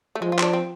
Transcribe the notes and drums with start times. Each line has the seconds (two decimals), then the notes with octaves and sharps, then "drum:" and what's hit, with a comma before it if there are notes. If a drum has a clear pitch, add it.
0.15 A3
0.22 F3 G#3
0.32 F4
0.38 C4, drum: clap
0.42 D4
0.53 C4